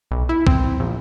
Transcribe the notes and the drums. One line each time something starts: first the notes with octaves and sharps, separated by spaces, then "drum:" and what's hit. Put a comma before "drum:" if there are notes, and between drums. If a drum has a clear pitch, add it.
B1
E4
C4, drum: kick B1
A#1